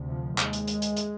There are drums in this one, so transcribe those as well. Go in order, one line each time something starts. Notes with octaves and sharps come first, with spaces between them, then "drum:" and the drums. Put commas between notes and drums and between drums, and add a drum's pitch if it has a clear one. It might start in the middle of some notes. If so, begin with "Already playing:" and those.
Already playing: D2 C3
F3
D#2 G#3, drum: clap
drum: hi-hat
drum: hi-hat
drum: hi-hat
drum: hi-hat